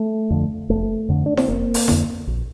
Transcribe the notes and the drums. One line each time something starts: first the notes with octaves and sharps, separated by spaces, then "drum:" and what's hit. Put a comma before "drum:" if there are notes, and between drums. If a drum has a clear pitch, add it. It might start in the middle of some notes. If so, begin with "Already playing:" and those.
Already playing: A3
F2 D3
F1 A3
F2 D3
D4
C4, drum: snare E4
F1 A#3
drum: open hi-hat
F2 D3, drum: snare E4
A#1